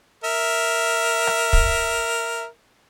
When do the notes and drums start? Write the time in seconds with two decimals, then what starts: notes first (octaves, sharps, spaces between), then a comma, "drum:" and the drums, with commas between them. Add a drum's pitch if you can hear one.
0.24 A#4 E5
1.27 drum: rim click
1.53 drum: kick